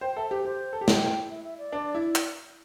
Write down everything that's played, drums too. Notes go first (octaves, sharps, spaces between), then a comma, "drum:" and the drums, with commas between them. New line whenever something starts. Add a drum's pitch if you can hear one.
C5 G5
A4 E5
G4 C5
G4 C5
A4
G4
E4 G5, drum: snare
E5
E5
D5
D4
E4
drum: clap